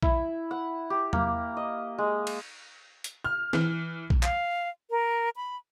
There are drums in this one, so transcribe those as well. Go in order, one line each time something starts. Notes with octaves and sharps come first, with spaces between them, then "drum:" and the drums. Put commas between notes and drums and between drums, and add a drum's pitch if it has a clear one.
E4, drum: kick A#1
F#5
G4
A#3, drum: tom
D#5
G#3
drum: cymbal
drum: hi-hat
F6
E3, drum: snare
drum: kick A#1
F5, drum: clap
A#4
B5